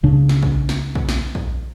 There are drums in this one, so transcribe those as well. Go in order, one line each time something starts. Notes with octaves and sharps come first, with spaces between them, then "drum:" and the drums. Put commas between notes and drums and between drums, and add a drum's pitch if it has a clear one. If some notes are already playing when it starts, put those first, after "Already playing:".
C#2 C#3 D4
drum: snare
drum: kick A#1
drum: snare
drum: kick A#1
drum: snare
drum: kick A#1